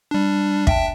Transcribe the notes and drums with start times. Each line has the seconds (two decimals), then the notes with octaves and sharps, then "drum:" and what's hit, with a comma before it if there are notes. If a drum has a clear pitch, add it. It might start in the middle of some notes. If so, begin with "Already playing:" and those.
0.11 G3 D4
0.67 E5 G5 A5, drum: kick